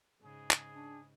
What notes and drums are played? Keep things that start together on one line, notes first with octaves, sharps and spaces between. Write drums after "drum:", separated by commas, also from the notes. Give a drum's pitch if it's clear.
G#2 C#3 G#4
drum: clap
D4